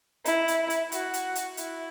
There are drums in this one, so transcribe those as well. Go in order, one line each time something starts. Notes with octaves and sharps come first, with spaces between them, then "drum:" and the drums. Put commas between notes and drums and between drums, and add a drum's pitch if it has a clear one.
E4, drum: hi-hat
drum: hi-hat
drum: hi-hat
F#4, drum: hi-hat
drum: hi-hat
drum: hi-hat
E4, drum: hi-hat